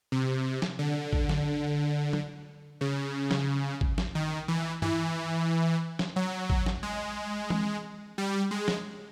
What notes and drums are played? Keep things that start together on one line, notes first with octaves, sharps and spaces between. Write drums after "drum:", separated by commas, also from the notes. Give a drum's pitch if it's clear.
C3
drum: snare
D3
drum: kick
drum: snare
drum: tom
C#3
drum: snare
drum: kick
drum: snare
D#3
E3
E3, drum: tom
drum: snare
F#3
drum: kick
drum: snare
G#3
drum: tom E3
G3
G#3
drum: snare